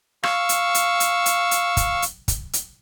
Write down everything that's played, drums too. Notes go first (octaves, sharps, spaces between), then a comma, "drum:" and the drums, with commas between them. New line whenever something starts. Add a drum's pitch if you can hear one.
F5 C#6 E6, drum: rim click
drum: hi-hat
drum: hi-hat
drum: hi-hat
drum: hi-hat
drum: hi-hat
drum: kick, hi-hat
drum: hi-hat
drum: kick, hi-hat
drum: hi-hat